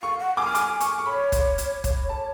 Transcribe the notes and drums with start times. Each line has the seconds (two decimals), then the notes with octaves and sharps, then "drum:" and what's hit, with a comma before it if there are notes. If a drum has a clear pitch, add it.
0.03 F5 C#6
0.20 F#5
0.37 G#5 D6
0.46 F6
0.55 D6, drum: hi-hat
0.80 C#6, drum: hi-hat
0.98 C#6
1.06 C#5 B5
1.32 drum: kick, hi-hat
1.58 drum: hi-hat
1.84 drum: kick, hi-hat
2.09 A5